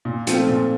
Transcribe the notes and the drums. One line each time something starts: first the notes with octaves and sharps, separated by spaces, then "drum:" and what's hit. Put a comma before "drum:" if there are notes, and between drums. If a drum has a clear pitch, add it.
A#2
F3 A3 C4 F4, drum: hi-hat
A#2